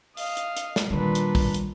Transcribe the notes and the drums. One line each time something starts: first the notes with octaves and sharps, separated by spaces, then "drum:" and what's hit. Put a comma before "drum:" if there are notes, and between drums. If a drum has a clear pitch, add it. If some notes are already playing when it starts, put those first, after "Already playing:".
D#5 F5, drum: open hi-hat
drum: hi-hat
drum: hi-hat
drum: snare
A#2 D#3 G3 D4 B4
drum: hi-hat
drum: kick, open hi-hat
drum: hi-hat